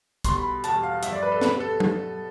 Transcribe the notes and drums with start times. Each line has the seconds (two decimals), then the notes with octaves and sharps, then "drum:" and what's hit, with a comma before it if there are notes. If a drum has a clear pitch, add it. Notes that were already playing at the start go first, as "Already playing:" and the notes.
0.24 B2 G3 C6, drum: kick A#1, hi-hat
0.38 B5
0.64 E2 B2 G3 A5, drum: hi-hat
0.83 F5
1.03 G2 F3 E5, drum: hi-hat
1.12 D5
1.22 B4
1.32 A4
1.41 B2 G3 B4, drum: snare
1.60 A4
1.80 drum: tom F#3